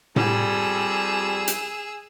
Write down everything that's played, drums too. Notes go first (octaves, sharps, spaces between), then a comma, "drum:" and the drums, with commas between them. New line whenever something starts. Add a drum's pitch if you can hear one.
F2 G3 G#4 E6, drum: tom A2
drum: hi-hat